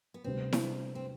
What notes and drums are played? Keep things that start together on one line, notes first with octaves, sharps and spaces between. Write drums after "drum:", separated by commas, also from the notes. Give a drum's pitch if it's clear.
B3
D2 C3 G3 B3 C4
drum: snare E4
C4